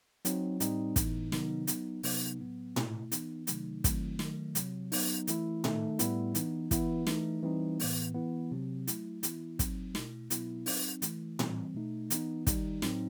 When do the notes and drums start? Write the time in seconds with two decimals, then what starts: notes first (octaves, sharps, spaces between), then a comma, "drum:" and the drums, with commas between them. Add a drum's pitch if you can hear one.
0.25 F#3 C4 D#4, drum: hi-hat
0.60 A2 G3 C4 D#4, drum: hi-hat
0.96 A2 E3 B3 D#4, drum: kick, hi-hat
1.32 C3 D#3 F#3 B3 D#4, drum: snare
1.67 F#3 B3 D#4, drum: hi-hat
2.03 C3 F#3 B3 D#4, drum: open hi-hat
2.40 A2 F#3 B3
2.76 B2 A3 E4, drum: tom A2
3.12 E3 B3 D#4, drum: hi-hat
3.47 C3 D#3 F#3 A3 D#4, drum: hi-hat
3.84 D#3 F#3 A3 C4 E4, drum: kick, hi-hat
4.19 D#3 F#3 A3, drum: snare
4.55 C3 F#3 C4, drum: hi-hat
4.92 F#3 B3 D#4, drum: open hi-hat
5.27 E3 A3 E4, drum: hi-hat
5.64 D#3 A3 D#4, drum: tom A2
5.99 A2 G3 B3 E4, drum: hi-hat
6.35 E3 B3 D#4, drum: hi-hat
6.71 E3 B3 E4, drum: kick, hi-hat
7.07 E3 A3 D#4, drum: snare
7.43 E3 G3 C4 D#4
7.80 A2 E3 B3, drum: open hi-hat
8.14 E3 B3 E4
8.52 C3 F#3 C4
8.87 F#3 A3 E4, drum: hi-hat
9.23 E3 B3 E4, drum: hi-hat
9.59 F#3 C4 D#4, drum: kick, hi-hat
9.95 B2 A3 E4, drum: snare
10.30 B2 F#3 B3 E4, drum: hi-hat
10.66 F#3 C4 D#4, drum: open hi-hat
11.02 E3 A3 E4, drum: hi-hat
11.39 E3 G3 C4, drum: tom A2
11.75 B2 A3 D#4
12.10 E3 B3 D#4, drum: hi-hat
12.47 D#3 G3 D#4, drum: kick, hi-hat
12.82 A2 F#3 C4 D#4, drum: snare